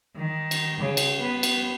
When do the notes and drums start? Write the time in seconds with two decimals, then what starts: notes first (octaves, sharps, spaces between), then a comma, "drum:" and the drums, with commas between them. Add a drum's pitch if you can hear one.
0.15 D#3
0.51 drum: cymbal
0.80 C#3
0.97 drum: cymbal
1.20 B3 B4
1.43 drum: cymbal